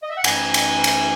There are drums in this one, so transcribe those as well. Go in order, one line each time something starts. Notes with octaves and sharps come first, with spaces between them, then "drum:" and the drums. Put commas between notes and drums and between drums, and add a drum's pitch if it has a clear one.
D#5
E5
F#5
F#2 E3 A3 D#4 G#5, drum: cymbal
drum: cymbal
drum: cymbal